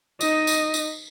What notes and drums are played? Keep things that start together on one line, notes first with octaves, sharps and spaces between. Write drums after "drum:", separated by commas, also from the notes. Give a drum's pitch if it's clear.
D#4 D#5, drum: tambourine
drum: tambourine
drum: tambourine